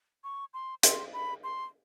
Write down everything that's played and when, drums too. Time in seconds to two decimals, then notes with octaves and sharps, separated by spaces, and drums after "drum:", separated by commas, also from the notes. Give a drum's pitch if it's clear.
0.24 C#6
0.54 C6
0.83 C6, drum: hi-hat
1.13 B5
1.44 C6